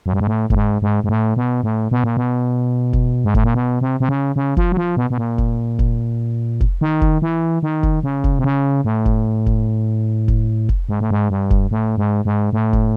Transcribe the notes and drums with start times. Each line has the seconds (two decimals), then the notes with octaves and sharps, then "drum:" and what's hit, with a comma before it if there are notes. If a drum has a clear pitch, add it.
0.06 F#2
0.13 G2
0.20 G#2
0.27 A2
0.50 A2, drum: kick F1
0.55 G#2
0.82 G#2
1.04 G#2
1.09 A2
1.36 B2
1.63 A2
1.91 B2
2.04 A#2
2.17 B2
2.93 drum: kick F1
3.24 G#2
3.34 A2, drum: kick F1
3.44 A#2
3.54 B2
3.81 C3
4.00 C3
4.09 C#3
4.36 C#3
4.57 F3, drum: kick F1
4.72 F#3
4.77 F3
4.97 B2
5.10 B2
5.18 A#2
5.38 drum: kick F1
5.79 drum: kick F1
6.61 drum: kick F1
6.81 D#3
7.01 drum: kick F1
7.22 E3
7.63 D#3
7.83 drum: kick F1
8.03 C#3
8.24 drum: kick F1
8.39 C3
8.44 C#3
8.84 A2
9.06 drum: kick F1
9.46 drum: kick F1
10.28 drum: kick F1
10.69 drum: kick F1
10.89 G#2
11.00 A2
11.11 G#2
11.30 G2
11.50 drum: kick F1
11.71 A2
11.98 G#2
12.25 G#2
12.53 A2
12.73 drum: kick F1